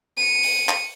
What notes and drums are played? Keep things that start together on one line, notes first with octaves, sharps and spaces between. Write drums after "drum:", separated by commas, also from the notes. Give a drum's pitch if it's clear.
C#7 D#7
drum: open hi-hat
drum: clap